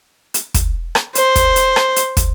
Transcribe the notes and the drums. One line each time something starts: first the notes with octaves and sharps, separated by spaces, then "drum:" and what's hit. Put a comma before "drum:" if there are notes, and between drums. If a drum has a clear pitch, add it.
drum: hi-hat
drum: kick, hi-hat
drum: rim click
C5, drum: hi-hat
drum: kick, hi-hat
drum: hi-hat
drum: rim click
drum: hi-hat
drum: kick, hi-hat